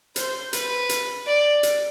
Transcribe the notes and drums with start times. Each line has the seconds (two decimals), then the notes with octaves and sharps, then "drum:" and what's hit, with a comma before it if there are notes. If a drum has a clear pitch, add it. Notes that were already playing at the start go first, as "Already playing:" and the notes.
0.16 C5, drum: hi-hat
0.53 B4, drum: hi-hat
0.89 drum: hi-hat
1.27 D5
1.63 drum: hi-hat